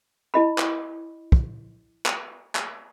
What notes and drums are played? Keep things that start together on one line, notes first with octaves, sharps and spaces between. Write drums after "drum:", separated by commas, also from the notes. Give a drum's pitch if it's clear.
E4 D#5 B5
drum: clap
drum: kick
drum: clap
drum: clap